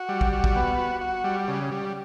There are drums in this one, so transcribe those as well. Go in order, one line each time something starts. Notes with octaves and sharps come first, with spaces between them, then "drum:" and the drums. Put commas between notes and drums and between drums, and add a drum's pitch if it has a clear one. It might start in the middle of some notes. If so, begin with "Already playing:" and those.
Already playing: F#4
G3
drum: kick
F#4
drum: kick
B3
F#4
F#4
G3
C#3
G3